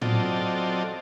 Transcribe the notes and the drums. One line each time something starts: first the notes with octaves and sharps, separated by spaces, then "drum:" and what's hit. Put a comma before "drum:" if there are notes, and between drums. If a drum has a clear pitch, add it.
F#3 C4 F4 A4 D5 D#5, drum: tom A2